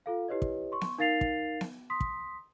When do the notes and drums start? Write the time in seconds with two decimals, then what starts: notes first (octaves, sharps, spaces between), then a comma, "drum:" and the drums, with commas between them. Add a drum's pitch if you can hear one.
0.06 F4 A4 F5
0.28 E4 G4 B4 C#5 D#5
0.42 drum: kick
0.72 C6 C#6
0.81 drum: snare B3
0.98 D#4 A#4 F5 A6 C7 F7
1.21 drum: kick
1.61 drum: snare B3
1.90 C6 D#6 B6
2.00 drum: kick